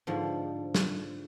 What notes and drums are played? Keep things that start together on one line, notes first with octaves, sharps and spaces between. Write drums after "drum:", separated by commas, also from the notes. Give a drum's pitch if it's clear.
G#2 D3 F3
drum: snare